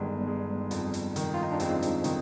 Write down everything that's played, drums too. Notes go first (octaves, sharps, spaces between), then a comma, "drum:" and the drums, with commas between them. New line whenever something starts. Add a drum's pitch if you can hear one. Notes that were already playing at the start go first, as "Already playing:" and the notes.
Already playing: G1 D#3 G3 G#3 B3
G#3
F2, drum: hi-hat
drum: hi-hat
D#3, drum: hi-hat
F4
D#4
D4
F2 G#3 C4, drum: hi-hat
drum: hi-hat
D#3, drum: hi-hat